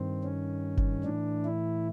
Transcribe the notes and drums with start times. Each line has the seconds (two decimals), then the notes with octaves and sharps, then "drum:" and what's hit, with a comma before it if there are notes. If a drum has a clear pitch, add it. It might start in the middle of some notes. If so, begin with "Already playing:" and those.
Already playing: G2 D#3 C4
0.24 C#4
0.77 drum: kick F#1
1.04 A2 E3 D4
1.45 E4